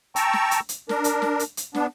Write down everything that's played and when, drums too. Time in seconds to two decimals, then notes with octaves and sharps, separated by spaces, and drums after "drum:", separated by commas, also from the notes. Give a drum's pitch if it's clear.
0.16 G5 A5 A#5 C#6 E6, drum: hi-hat
0.33 drum: snare
0.51 drum: hi-hat
0.69 drum: hi-hat
0.89 D4 A#4, drum: snare
1.04 drum: hi-hat
1.22 drum: snare
1.39 drum: hi-hat
1.57 drum: hi-hat
1.75 B3 D4, drum: snare